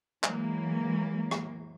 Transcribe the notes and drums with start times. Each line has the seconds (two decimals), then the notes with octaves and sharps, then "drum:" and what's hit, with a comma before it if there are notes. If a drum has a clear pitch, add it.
0.23 E3 F#3 G#3 A#3, drum: clap
1.31 drum: rim click